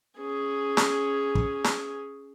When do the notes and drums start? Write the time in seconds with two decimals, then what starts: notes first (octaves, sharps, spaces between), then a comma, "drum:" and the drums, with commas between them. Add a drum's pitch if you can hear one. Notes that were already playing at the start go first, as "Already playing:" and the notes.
0.19 C#4 G#4
0.77 drum: snare
1.35 drum: kick
1.64 drum: snare